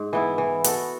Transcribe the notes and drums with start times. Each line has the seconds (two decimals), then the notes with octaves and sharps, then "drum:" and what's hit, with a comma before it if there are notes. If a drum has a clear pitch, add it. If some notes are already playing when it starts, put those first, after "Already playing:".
Already playing: G#2
0.13 E3 B3 E4
0.38 E3
0.64 B3 F#4 A4, drum: hi-hat